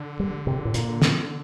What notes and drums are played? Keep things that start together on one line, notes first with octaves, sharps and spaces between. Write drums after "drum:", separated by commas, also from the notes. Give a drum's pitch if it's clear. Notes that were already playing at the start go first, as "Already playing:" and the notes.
Already playing: D3
G3
C3
A2
A#2, drum: hi-hat
drum: snare